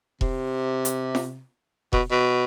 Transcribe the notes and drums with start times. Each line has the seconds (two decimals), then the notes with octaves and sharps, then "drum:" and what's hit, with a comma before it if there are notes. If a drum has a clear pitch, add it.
0.21 C3, drum: kick E1
0.85 drum: hi-hat
1.15 drum: snare
1.93 B2, drum: kick E1
2.11 B2